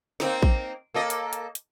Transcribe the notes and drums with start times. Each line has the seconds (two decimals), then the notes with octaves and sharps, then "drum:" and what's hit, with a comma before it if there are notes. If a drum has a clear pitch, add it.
0.20 A#3 C4 D#4, drum: snare
0.42 drum: kick
0.94 A#3 A4 D#5
1.10 drum: hi-hat
1.33 drum: hi-hat
1.55 drum: hi-hat